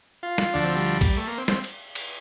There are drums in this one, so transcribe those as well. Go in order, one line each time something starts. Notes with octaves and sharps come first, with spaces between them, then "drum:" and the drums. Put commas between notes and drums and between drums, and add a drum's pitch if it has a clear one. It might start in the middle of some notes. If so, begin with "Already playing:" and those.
F4
drum: snare
D2 D3 F3 D4
C4
G3
drum: kick, cymbal
A3
A#3
C4
C4, drum: snare
drum: cymbal
drum: cymbal